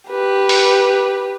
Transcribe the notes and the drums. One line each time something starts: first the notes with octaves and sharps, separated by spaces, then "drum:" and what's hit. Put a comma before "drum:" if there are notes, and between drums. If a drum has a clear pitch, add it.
G4 B4
drum: open hi-hat